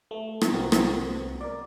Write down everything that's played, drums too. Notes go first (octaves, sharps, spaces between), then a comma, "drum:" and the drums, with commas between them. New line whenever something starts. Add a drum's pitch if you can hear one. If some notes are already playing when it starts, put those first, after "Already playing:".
A3
drum: rim click
C2 B3 C4 F#4 A#4
drum: rim click
A#4 D5